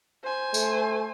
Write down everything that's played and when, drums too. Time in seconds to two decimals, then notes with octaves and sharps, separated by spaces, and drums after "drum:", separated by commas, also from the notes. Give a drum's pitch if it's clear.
0.24 C5 G#5
0.54 A3, drum: tambourine